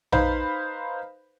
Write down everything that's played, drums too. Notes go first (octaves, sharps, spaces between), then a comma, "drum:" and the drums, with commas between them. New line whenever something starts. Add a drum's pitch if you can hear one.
D#4 B4 C5 F5 B5, drum: tom A#1